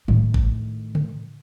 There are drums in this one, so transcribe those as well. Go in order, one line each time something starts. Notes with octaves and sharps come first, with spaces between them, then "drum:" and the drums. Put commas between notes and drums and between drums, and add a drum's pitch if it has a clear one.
A2 D#3, drum: tom F#3
drum: kick G#1
drum: tom C#3